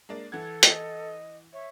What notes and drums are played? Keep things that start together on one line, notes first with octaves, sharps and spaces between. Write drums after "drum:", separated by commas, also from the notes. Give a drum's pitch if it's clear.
G#3 A#3 D4
E3 A4 F#5 G#6
D#5, drum: hi-hat
C#5 E5